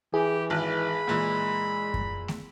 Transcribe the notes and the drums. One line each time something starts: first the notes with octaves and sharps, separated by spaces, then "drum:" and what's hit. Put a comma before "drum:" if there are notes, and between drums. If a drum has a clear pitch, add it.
E3 G4 G#4
G#1 B5
A#2 E3 G#3
drum: kick F#2
drum: snare A3